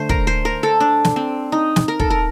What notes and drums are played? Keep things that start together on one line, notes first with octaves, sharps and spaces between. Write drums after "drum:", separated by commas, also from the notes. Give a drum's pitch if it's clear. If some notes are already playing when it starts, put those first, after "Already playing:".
Already playing: D3 A3 C5
A#4, drum: kick
C5
A#4
A4
D4
drum: snare
C4
D#4
drum: snare
A#4
A4, drum: kick
A#4